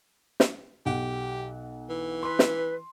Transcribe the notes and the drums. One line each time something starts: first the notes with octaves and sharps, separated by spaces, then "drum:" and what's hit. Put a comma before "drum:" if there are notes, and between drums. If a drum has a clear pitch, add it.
drum: snare
B1 G4 F#5
E3
B4 C6
drum: snare